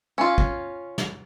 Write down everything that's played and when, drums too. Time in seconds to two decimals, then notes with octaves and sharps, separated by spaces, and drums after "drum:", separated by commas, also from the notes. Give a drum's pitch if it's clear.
0.18 C#4 F4
0.38 drum: kick
0.98 drum: snare